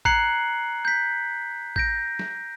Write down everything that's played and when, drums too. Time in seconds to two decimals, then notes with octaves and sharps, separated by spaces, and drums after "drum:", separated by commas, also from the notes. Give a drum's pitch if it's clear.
0.05 A#5 F#6 G#6 C7 C#7 F#7, drum: kick
0.85 G6 B6
1.76 G6 A#6 D7, drum: kick
2.19 drum: snare